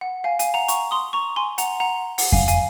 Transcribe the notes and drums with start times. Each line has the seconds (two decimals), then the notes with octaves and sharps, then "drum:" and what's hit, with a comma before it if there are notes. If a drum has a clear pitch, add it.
0.01 F#5
0.24 F5 G#5
0.39 F5 G#5, drum: hi-hat
0.54 F#5 A#5
0.68 A#5 C#6, drum: hi-hat
0.91 C6 D#6
1.13 A#5 C#6
1.36 G#5 C6
1.58 F#5 A#5, drum: hi-hat
1.80 F#5 A#5
2.18 F#5, drum: open hi-hat
2.32 F5 G#5, drum: kick F2
2.48 F5 G#5, drum: hi-hat